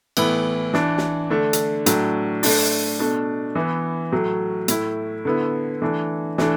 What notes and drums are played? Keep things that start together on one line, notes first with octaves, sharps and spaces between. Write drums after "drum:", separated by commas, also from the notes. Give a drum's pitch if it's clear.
A2 E3 B3 E4, drum: cymbal
E3 D4, drum: snare
drum: snare
D3 A3 D4
drum: hi-hat
A2 F#3 D4, drum: hi-hat
A2 A3 D4, drum: open hi-hat
B2 A3 D4
E3 B3 E4
A2 F#3 A3
A2 A3 E4, drum: hi-hat
D3 B3 E4
E3 A3 D4
E3 A3 D4, drum: snare